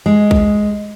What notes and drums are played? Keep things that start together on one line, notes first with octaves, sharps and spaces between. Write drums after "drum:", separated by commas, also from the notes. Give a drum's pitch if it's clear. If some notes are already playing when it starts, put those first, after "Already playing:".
G#3
drum: kick